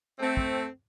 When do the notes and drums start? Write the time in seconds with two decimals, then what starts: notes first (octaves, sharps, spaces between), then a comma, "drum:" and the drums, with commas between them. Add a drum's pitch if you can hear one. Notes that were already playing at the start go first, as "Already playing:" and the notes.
0.19 A3 C4
0.37 drum: kick